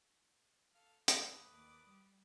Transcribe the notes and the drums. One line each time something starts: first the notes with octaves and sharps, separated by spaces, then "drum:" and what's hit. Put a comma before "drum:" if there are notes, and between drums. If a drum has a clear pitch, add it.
A4 F5
D#2 A3 B4 D5 D#6, drum: hi-hat
D#2 D6
G3